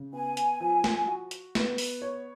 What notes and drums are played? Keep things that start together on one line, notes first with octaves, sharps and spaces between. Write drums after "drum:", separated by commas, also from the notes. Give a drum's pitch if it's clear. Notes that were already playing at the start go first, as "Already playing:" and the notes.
Already playing: C#3
B3 G#5
drum: hi-hat
F3
drum: snare
F#4
drum: hi-hat
B3, drum: snare
drum: open hi-hat
C#5